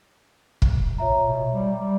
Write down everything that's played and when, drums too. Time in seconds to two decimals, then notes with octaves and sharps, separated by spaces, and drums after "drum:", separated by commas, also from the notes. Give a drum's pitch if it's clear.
0.62 drum: kick
0.98 A#2 C#5 E5 A#5
1.25 B2
1.51 G3
1.77 G3